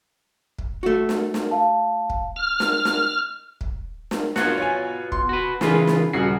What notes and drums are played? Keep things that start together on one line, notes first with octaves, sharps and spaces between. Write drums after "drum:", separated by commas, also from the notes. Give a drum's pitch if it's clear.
drum: kick
A3 F#4
drum: snare
drum: snare
F5 A5
drum: kick
F6
drum: snare
drum: snare
drum: kick
drum: snare
B3 F4 F#4 F#6 G#6, drum: snare
C#5 G#5
C6, drum: kick
F#4 B4
C#3 E3 G#3 F4 G#4 B4, drum: snare
drum: snare
D#1 C#3 F#4 C7